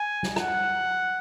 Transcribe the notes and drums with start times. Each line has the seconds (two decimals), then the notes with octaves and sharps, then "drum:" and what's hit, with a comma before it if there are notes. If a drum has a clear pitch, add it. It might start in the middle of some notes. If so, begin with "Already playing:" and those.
Already playing: G#5
0.23 drum: snare
0.36 F#5, drum: rim click